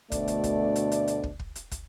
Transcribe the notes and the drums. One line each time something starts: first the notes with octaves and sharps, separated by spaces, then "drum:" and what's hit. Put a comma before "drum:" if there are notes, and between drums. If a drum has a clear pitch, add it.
D2 B2 A3 D4 D5, drum: kick, hi-hat
drum: hi-hat
drum: kick, hi-hat
drum: hi-hat
drum: hi-hat
drum: hi-hat
drum: kick
drum: kick
drum: hi-hat
drum: kick, hi-hat